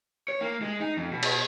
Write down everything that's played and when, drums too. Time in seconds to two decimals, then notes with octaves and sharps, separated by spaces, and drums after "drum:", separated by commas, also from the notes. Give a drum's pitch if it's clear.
0.28 C#5
0.41 A#3
0.62 G#3
0.80 D#4
0.97 F2
1.12 B2
1.23 drum: cymbal